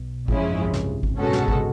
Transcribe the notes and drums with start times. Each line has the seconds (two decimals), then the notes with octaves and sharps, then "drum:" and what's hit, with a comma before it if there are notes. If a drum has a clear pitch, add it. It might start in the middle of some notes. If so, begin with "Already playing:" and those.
Already playing: B1 B2
0.28 A#1 A#2 C#3 F3 G#3 C#4 E4, drum: kick G#1
0.40 F#2
0.51 G#1 G#2
0.62 C2 C3
0.74 C#2 C#3, drum: snare
1.03 drum: kick G#1
1.19 B2 G#3 C#4 F#4 A4
1.33 drum: snare
1.48 drum: kick G#1